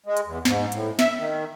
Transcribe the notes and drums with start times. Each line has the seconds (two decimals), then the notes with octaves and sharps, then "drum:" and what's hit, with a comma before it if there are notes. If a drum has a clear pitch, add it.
0.06 G#3
0.17 drum: hi-hat
0.26 E2
0.45 G#2, drum: snare
0.72 A2, drum: hi-hat
0.99 E5, drum: snare
1.19 D#3